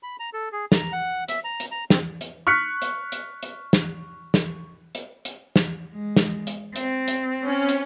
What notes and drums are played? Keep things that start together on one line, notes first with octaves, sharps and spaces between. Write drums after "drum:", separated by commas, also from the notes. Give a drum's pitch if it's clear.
B5
A#5
A4
G#4
A#5, drum: snare
F#5
E5, drum: hi-hat
A#5
drum: hi-hat
A#5
C4, drum: snare
drum: hi-hat
C#6 F6 F#6 B6 C#7
drum: hi-hat
drum: hi-hat
drum: hi-hat
drum: snare
drum: snare
drum: hi-hat
drum: hi-hat
drum: snare
G#3
drum: snare
drum: hi-hat
C4, drum: hi-hat
drum: hi-hat
C#4
drum: hi-hat